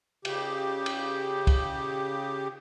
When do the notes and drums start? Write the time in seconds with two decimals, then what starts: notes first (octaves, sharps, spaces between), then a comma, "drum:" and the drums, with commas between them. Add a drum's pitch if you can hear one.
0.25 C#3 G4, drum: cymbal
0.86 drum: cymbal
1.47 drum: kick, cymbal